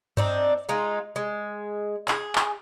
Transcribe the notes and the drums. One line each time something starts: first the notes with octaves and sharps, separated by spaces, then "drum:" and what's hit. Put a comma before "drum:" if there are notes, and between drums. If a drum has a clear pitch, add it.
C4 D4 D#4, drum: tom G2
G#3 D#4 F4
G#3
G#4, drum: clap
drum: clap